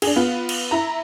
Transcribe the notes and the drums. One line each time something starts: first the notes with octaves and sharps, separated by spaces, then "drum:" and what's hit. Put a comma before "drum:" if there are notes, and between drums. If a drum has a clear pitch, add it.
D4 G#4, drum: cymbal
B3 F4
drum: cymbal
E4 A#5